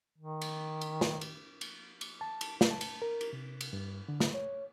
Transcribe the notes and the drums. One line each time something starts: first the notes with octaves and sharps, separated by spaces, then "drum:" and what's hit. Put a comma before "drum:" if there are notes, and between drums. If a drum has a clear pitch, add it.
D#3
drum: cymbal
drum: cymbal
drum: snare
drum: cymbal
drum: cymbal
drum: cymbal
A5
drum: cymbal
drum: snare
A5
drum: cymbal
A#4
drum: cymbal
C3
drum: cymbal
G2
D3
drum: snare
C#5